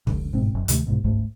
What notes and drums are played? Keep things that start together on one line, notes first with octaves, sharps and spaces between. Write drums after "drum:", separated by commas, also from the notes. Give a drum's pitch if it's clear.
F1 C#2 D3, drum: kick
G1 G#2 B2 C4
F#1 F#2
D2 C3 D#3 A3, drum: hi-hat
C2 G#2 B2
G1 C#2 G#2 A3